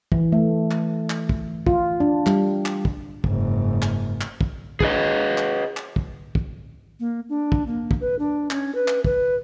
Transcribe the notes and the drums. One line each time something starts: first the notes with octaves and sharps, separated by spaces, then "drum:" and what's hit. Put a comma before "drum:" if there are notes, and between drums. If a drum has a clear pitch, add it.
E3, drum: kick
A3
drum: clap
drum: clap
drum: kick
F4, drum: kick
D4
G3, drum: clap
drum: clap
drum: kick
F#1 G#2, drum: kick
drum: clap
drum: clap
drum: kick
G#4 B4 D#5, drum: kick
drum: clap
drum: clap
drum: kick
drum: kick
A#3
D4
drum: kick
A#3
drum: kick
B4
D4
C#4, drum: clap
B4
drum: clap
B4, drum: kick